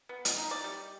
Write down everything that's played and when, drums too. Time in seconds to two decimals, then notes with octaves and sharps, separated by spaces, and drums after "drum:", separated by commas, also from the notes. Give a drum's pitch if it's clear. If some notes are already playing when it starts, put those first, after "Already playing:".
0.09 B3
0.25 drum: hi-hat
0.38 D#4
0.51 D5
0.64 G3